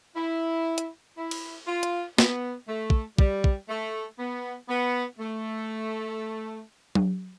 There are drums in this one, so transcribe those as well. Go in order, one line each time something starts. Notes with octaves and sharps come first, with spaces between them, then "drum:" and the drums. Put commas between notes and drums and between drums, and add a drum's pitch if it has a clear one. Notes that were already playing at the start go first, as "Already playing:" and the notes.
E4
drum: hi-hat
E4
drum: cymbal
F4
drum: hi-hat
B3, drum: snare
A3
drum: kick
G3, drum: kick
drum: kick
A3
B3
B3
A3
drum: tom F#3